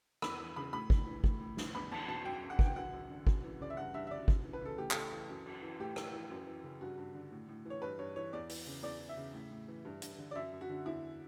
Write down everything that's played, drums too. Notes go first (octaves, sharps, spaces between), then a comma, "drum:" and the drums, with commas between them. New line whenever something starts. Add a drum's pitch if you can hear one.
E2 B5, drum: rim click
E3
C#3 B5
A2 B5
A2, drum: kick
E3
A2, drum: kick
A2
E3, drum: snare
E2 B5
E2 A5, drum: cymbal
B2 A5
F#2 G5
F#2
F#5
E3, drum: kick
G5
F#2 F#5
F#2
D3
F#2, drum: kick
E3
C#3 D5
E5
G2 F#5
G2 E5
E5
D3 D5
F#2, drum: kick
E3
B4
C#3 A4
A2 G4
A2 A4, drum: clap
E3
F#2
F#2, drum: cymbal
E3
A2 G4
A2, drum: rim click
E3
F#2
E3
C#3
G2 F#4
G2
D3
A2
A2
E3 C#5
G2 B4
G2 C#5
E3 C#5
E2 D5
E3, drum: open hi-hat
C#3
E2 D5
E3
E5
C#3
A2
A2
E3
G2
G2, drum: hi-hat
D3
D5
F#2 E5
F#2
F#4
D3
E2 E4